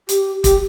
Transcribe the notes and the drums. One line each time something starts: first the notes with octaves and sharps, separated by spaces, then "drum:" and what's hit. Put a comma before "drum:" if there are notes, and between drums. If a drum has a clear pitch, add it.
G4, drum: hi-hat
G4, drum: kick, hi-hat